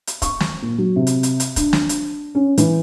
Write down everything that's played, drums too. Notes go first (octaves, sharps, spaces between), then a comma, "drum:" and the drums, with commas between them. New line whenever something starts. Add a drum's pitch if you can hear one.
drum: hi-hat
C#6, drum: kick, hi-hat
drum: snare
A#2
F#3
C3
drum: hi-hat
drum: hi-hat
drum: hi-hat
D4, drum: kick, hi-hat
drum: snare
drum: hi-hat
C#4
E3, drum: hi-hat